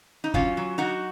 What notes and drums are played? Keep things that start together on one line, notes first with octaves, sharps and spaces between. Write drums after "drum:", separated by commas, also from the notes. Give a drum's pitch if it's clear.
D#4
F#3 C#4 F4, drum: kick
F#3
F#3 D#4 F#4